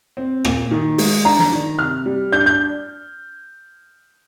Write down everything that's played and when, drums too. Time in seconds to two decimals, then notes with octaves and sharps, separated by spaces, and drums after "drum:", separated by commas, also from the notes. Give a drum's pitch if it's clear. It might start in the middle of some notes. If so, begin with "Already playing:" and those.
0.17 C4
0.45 A#2, drum: rim click
0.71 D#3
0.98 G#3, drum: open hi-hat
1.25 D4 A#5
1.39 drum: snare
1.52 D#3
1.79 C3 F6
2.06 G3
2.32 D4 G6
2.46 G6